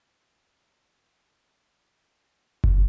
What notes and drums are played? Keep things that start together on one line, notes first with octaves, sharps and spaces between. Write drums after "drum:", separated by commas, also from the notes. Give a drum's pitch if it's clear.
C2 B3
E2
F#1
C3
drum: kick F#1